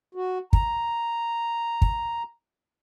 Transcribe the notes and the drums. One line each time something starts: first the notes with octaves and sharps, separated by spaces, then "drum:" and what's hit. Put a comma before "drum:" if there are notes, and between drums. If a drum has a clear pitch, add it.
F#4
A#5, drum: kick
drum: kick